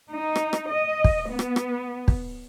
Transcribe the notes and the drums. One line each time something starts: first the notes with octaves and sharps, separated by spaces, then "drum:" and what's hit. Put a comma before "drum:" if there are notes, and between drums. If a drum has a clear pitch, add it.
D#4
drum: rim click
drum: rim click
D#5
drum: kick
B3
drum: rim click
drum: rim click
drum: kick